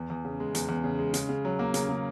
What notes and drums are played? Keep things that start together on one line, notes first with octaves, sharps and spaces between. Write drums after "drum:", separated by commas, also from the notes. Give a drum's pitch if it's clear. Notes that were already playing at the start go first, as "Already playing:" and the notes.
Already playing: E2
E2
C#3
G#3
E2, drum: hi-hat
E2
C#3
G#3
C#3, drum: hi-hat
C#3
F#3
A#3
C#3, drum: hi-hat
C#3